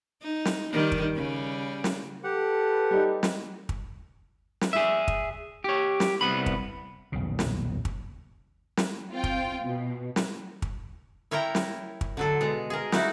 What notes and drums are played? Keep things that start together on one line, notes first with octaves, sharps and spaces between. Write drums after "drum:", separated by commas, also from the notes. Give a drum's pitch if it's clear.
D#4
drum: snare
D#3 G3
drum: kick
C#3 G3
drum: snare
G4 A4 B4 F#5
G3 D#4
drum: snare
drum: kick
drum: snare
G#4 E5
drum: kick
G4 C#5
drum: snare
C2 B3 B5
drum: kick
D#1 B1 F2 C#3
drum: snare
drum: kick
drum: snare
C4 F4 G5
drum: kick
B2
drum: snare
drum: kick
E4 A#4 C#5 G5 A#5
drum: snare
drum: kick
D3 F#3 A4
B2 G#3
G#4 A#4
D#4 E4 F#4, drum: snare